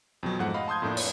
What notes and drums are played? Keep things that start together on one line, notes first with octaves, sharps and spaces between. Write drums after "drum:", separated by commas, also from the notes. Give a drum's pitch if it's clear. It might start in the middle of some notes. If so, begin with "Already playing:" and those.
F2 B2 F#3
G#2 F3 A3 C5 F#5
D#5 F5 B5
A5 C6 D#6 G6 G#6
F2 A2 A3 A#3 D4
C#5, drum: open hi-hat